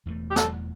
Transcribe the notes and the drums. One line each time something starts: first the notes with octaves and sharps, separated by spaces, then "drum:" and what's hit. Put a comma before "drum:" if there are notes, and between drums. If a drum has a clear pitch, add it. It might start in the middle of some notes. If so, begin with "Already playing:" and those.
E1 E2 E3 A3
G4
A4, drum: snare